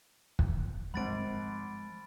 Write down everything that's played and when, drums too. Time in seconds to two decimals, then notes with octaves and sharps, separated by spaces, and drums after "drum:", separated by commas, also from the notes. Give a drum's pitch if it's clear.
0.39 drum: kick
0.94 G#1 F3 G#3 F#5 B5 A6 D7